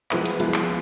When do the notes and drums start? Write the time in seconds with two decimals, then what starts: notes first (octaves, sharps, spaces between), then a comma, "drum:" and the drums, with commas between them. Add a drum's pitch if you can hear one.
0.11 F3 G#3 B3 E4, drum: clap
0.25 drum: hi-hat
0.40 F3 G#3 B3 E4, drum: hi-hat
0.54 drum: clap